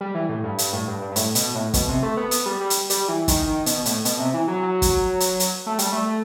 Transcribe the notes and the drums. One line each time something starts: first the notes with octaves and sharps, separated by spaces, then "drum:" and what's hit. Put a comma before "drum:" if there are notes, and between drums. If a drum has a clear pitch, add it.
G3
E3
A2
G2
G2, drum: hi-hat
A2
G2
G2
G2
A2, drum: hi-hat
B2, drum: hi-hat
A2
B2, drum: kick, hi-hat
C3
A3
B3
B3, drum: hi-hat
G3
G3
drum: hi-hat
G3, drum: hi-hat
E3
D#3, drum: kick, hi-hat
D#3
B2, drum: hi-hat
A2, drum: hi-hat
B2, drum: hi-hat
C3
E3
F#3
F#3
drum: kick, hi-hat
drum: hi-hat
drum: hi-hat
A3
G3, drum: hi-hat
A3
A3